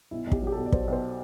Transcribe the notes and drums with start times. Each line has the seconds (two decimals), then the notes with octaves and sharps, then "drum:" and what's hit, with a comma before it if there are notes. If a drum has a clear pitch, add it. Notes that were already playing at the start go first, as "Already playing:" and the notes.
0.11 B1 E4
0.26 B1
0.32 G4, drum: kick
0.42 F#3 G4
0.52 A4
0.57 B1
0.65 D5
0.72 F#3 C5, drum: kick
0.87 B1
0.93 C5